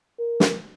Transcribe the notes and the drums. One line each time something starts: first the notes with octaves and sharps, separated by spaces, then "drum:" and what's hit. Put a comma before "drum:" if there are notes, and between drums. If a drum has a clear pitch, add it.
A#4
drum: snare